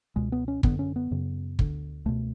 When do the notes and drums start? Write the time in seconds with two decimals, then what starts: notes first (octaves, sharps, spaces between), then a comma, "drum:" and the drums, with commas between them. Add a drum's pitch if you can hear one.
0.16 C#2 B2 G#3
0.32 B3
0.48 C#4
0.63 F#2 D3 B3, drum: kick
0.79 C#4
0.96 B3
1.11 F#2 C#3
1.59 D2 D3, drum: kick
2.05 C#2 B2 A3